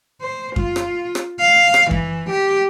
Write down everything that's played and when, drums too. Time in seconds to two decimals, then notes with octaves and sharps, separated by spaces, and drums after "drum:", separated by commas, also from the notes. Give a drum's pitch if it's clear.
0.21 C5
0.56 F4, drum: kick F#2
0.76 drum: rim click
1.15 drum: rim click
1.40 F5
1.74 drum: rim click
1.91 E3, drum: kick F#2
2.30 G4